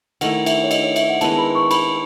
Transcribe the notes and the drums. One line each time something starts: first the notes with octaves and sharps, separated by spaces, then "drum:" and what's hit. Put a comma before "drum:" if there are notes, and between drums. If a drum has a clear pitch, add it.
D#3 A3 E4 F#5, drum: cymbal
E5, drum: cymbal
C#5
D#5, drum: cymbal
C#5
E5, drum: cymbal
F#5
D#3 G#3 B3 E4 A5, drum: cymbal
A5
B5
C#6
C#6
B5, drum: cymbal